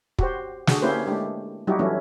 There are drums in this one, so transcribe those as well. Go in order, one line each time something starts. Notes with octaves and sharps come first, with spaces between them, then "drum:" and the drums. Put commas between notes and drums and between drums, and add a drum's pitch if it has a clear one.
F#4 G4 C5, drum: kick
D3 D4 F#4 G#4, drum: snare
A#3 C#4 E4 G4 B4 C5
G#3 A3 D4 G4
F#3 G3 D#4 E4 F#4 G4
E3 F#3 A3 C#4 E4